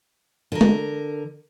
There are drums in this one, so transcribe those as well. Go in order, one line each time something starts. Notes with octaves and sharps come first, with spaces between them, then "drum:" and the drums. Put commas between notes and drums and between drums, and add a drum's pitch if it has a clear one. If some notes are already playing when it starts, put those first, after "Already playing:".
D3 A#4
drum: tom G#3